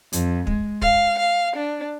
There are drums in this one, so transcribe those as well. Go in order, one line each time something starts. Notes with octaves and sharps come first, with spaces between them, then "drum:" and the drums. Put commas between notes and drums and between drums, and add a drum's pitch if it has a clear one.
F2, drum: hi-hat
G#3, drum: kick
F5, drum: kick
F5
D4